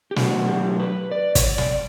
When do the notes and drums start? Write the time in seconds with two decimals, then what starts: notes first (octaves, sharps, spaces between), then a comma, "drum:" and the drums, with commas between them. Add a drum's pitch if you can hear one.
0.11 G4
0.16 B2 F#3 A3 D4 F#4, drum: snare
0.48 G4
0.80 B4
1.11 D5
1.35 C#5, drum: kick, hi-hat
1.43 D5
1.58 drum: snare